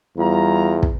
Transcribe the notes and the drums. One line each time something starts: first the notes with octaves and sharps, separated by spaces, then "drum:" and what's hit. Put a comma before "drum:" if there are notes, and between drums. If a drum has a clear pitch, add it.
E2 G3 F4 A#5
drum: kick